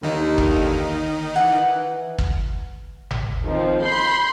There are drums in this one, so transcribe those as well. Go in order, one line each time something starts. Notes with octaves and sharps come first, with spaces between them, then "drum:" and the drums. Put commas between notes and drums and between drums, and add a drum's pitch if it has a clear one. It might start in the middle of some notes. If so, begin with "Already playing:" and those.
D#2 D3 D#3 D#4
drum: kick
E3 F#5
drum: kick
drum: tom G1
D#3 F3 C4
B5 C6 G6